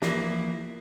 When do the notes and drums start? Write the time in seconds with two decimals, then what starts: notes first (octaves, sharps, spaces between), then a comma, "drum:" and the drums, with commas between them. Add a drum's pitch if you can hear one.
0.02 E3 F3 A#3 E4, drum: snare